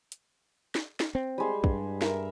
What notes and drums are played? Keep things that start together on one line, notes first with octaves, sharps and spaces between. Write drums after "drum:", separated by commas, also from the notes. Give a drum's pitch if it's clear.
drum: hi-hat
drum: snare
drum: snare
C4
G3 G#3 C6
G2, drum: kick
A#4 E5 A#5, drum: snare